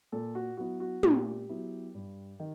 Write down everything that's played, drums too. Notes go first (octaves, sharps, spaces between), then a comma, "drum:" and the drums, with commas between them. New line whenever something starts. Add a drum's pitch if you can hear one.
A#2 A4
F#4
F#3 B3 E4 F#4
F#4
A#2 G4, drum: tom
F#3 B3 E4
G2
D#3